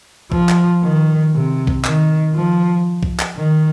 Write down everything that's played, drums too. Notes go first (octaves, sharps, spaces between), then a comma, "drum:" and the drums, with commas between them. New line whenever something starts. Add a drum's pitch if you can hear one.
F3, drum: kick
drum: clap
D#3
C3
drum: kick
D#3, drum: clap
F3
drum: kick
drum: clap
D#3